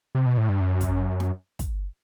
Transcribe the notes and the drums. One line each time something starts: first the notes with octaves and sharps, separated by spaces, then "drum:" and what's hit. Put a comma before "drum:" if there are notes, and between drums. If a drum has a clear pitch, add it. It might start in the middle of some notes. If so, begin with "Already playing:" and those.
C3
B2
A2
G2
F#2
drum: kick, hi-hat
drum: snare
drum: kick, hi-hat